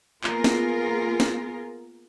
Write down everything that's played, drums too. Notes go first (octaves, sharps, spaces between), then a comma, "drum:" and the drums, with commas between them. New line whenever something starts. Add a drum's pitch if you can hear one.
A#3 B3 F4 G#4 A#4, drum: clap
drum: snare
drum: snare